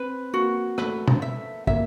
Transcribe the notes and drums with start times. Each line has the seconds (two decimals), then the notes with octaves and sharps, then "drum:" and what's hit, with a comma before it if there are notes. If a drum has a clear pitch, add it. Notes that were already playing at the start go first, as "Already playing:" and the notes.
Already playing: C4 B4
0.33 A#3 F#4
0.78 A3 B4, drum: rim click
1.08 drum: tom
1.22 E5
1.67 A#3 E5, drum: kick